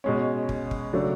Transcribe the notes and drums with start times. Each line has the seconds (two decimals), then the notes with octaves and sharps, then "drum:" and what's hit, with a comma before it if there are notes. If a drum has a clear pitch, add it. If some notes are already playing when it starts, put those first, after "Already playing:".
0.04 B2 G#3 C#4
0.49 drum: kick
0.71 drum: kick
0.93 C#3 F#3 A3 D4